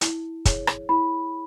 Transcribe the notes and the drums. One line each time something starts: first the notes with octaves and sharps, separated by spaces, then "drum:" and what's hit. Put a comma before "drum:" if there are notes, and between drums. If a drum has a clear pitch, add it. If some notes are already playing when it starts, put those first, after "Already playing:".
E4, drum: hi-hat
G#4 C#5, drum: kick, hi-hat
drum: rim click
E4 B5